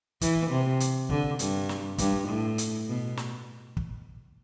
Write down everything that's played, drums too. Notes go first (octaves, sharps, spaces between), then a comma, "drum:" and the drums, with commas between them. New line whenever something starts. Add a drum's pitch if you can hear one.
E3, drum: kick, hi-hat
C3
drum: hi-hat
D3, drum: kick
G2, drum: hi-hat
drum: snare
G2, drum: kick, hi-hat
A2
drum: hi-hat
B2
drum: snare
drum: kick